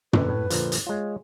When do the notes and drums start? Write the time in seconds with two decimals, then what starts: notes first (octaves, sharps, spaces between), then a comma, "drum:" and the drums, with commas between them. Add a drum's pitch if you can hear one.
0.13 A#2 D3 B4, drum: tom
0.29 A2
0.50 A#2 D3 F3, drum: hi-hat
0.72 drum: hi-hat
0.87 G#3 F4 C#5